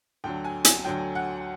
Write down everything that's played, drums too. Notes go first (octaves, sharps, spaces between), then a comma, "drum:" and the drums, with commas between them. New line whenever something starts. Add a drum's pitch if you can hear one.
D2 D3 F#3 G5
G#5
G#5, drum: hi-hat
D2 D3 F#3 G5
F#5